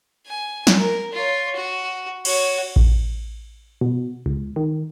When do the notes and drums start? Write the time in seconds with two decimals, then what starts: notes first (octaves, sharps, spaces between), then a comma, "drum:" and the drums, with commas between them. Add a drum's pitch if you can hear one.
0.26 G#5
0.67 drum: snare
0.77 A#4
1.12 F4 C#5
1.55 F#4
2.25 F#4 C#5, drum: cymbal
2.76 drum: kick A1
3.81 B2
4.26 C#2
4.56 D#3